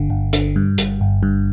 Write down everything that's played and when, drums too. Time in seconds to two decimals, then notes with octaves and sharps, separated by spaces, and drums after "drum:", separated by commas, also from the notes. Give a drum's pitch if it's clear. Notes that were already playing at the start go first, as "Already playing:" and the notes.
Already playing: G1 D3
0.10 G1
0.33 D3, drum: hi-hat
0.56 G2
0.78 G1, drum: hi-hat
1.01 G1
1.23 G2